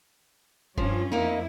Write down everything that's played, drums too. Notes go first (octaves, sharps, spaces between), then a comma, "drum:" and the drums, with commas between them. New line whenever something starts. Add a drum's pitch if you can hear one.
G2 F3 C#4 F4, drum: kick F1
F2 A#3 D#4 E4